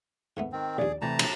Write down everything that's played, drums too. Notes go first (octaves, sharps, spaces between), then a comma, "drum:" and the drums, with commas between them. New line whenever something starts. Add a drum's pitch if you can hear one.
G#2 A3 B3
D#3 C4
A#1 D#2 G#4 D5
C3 E3 A3 A5 A#5
A#1, drum: cymbal